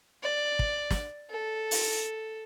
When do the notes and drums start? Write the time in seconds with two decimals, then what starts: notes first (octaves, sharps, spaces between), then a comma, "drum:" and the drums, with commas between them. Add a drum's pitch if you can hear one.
0.23 D5
0.59 drum: kick
0.91 drum: snare
1.30 A4
1.71 drum: open hi-hat